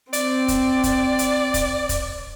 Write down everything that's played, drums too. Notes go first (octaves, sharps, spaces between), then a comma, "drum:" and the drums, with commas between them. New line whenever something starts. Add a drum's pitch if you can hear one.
C4 D5, drum: hi-hat
drum: kick, hi-hat
drum: kick, hi-hat
drum: hi-hat
drum: kick, hi-hat
drum: kick, hi-hat